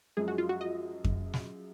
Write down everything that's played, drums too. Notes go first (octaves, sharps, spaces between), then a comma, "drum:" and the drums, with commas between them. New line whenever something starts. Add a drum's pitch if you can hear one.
F#2 F3 G#3 G#4
F#4
F4
F#4
D#5
drum: kick F2
drum: snare